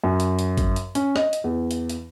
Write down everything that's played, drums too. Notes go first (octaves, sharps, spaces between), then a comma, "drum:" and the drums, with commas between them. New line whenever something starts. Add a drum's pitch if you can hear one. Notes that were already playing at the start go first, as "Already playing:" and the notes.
F#2
drum: hi-hat
drum: hi-hat
drum: kick, hi-hat
drum: hi-hat
C#4, drum: hi-hat
D#5, drum: rim click
drum: hi-hat
E2
drum: hi-hat
drum: hi-hat